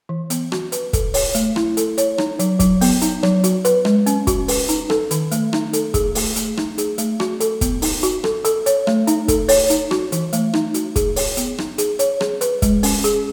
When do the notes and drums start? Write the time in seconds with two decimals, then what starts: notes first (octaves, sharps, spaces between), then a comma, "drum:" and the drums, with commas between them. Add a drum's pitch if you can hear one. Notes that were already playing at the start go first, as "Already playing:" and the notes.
0.09 E3
0.30 B3, drum: hi-hat
0.52 F#4, drum: rim click
0.72 B4, drum: hi-hat
0.93 A4, drum: kick, hi-hat
1.14 C#5, drum: open hi-hat
1.35 A3, drum: hi-hat
1.56 E4, drum: rim click
1.77 A4, drum: hi-hat
1.98 C#5, drum: hi-hat
2.18 D#4, drum: rim click
2.39 F#3, drum: hi-hat
2.60 F#3, drum: kick, hi-hat
2.81 B3, drum: open hi-hat
3.02 D#4, drum: hi-hat
3.23 F#3, drum: rim click
3.44 F#4, drum: hi-hat
3.65 B4, drum: hi-hat
3.85 G#3, drum: rim click
4.06 C#4, drum: hi-hat
4.27 F#4, drum: kick, hi-hat
4.48 B4, drum: open hi-hat
4.69 D#4, drum: hi-hat
4.90 A4, drum: rim click
5.11 D#3, drum: hi-hat
5.31 A3, drum: hi-hat
5.53 D#4, drum: rim click
5.73 A4, drum: hi-hat
5.94 G#4, drum: kick, hi-hat
6.15 A3, drum: open hi-hat
6.36 A3, drum: hi-hat
6.57 D#4, drum: rim click
6.78 G#4, drum: hi-hat
6.98 A3, drum: hi-hat
7.20 F#4, drum: rim click
7.40 A4, drum: hi-hat
7.61 B3, drum: kick, hi-hat
7.82 D#4, drum: open hi-hat
8.03 F#4, drum: hi-hat
8.24 A4, drum: rim click
8.45 A4, drum: hi-hat
8.66 C#5, drum: hi-hat
8.87 A3, drum: rim click
9.07 D#4, drum: hi-hat
9.28 A4, drum: kick, hi-hat
9.49 C#5, drum: open hi-hat
9.70 D#4, drum: hi-hat
9.91 F#4, drum: rim click
10.12 E3, drum: hi-hat
10.33 A3, drum: hi-hat
10.54 D#4, drum: rim click
10.74 F#4, drum: hi-hat
10.96 G#4, drum: kick, hi-hat
11.16 C#5, drum: open hi-hat
11.37 B3, drum: hi-hat
11.58 D#4, drum: rim click
11.78 G#4, drum: hi-hat
11.99 C#5, drum: hi-hat
12.21 G#4, drum: rim click
12.41 B4, drum: hi-hat
12.62 G#3, drum: kick, hi-hat
12.83 C#4, drum: open hi-hat
13.04 G#4, drum: hi-hat